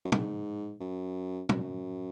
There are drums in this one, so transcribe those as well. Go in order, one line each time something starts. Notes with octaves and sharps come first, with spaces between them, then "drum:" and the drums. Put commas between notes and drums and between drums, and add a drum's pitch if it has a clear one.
F#2
G#2, drum: tom
F#2
F#2, drum: tom